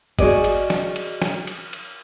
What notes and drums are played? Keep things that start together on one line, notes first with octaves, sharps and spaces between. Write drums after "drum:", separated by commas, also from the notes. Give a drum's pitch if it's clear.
F#4 G#4 D5 D#5, drum: kick G1, cymbal
drum: cymbal
drum: snare
drum: cymbal
drum: snare
drum: cymbal
drum: cymbal